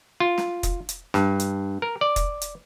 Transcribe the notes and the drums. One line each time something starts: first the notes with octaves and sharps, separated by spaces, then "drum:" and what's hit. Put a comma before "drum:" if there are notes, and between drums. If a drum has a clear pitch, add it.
F4
drum: snare
drum: kick, hi-hat
drum: hi-hat
G2, drum: snare
drum: hi-hat
A#4
D5
drum: kick, hi-hat
drum: hi-hat